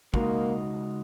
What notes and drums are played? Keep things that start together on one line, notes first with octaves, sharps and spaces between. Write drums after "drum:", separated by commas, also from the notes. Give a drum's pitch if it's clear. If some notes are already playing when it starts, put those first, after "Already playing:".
C#3 G#3 A#3 D#4 F#4, drum: kick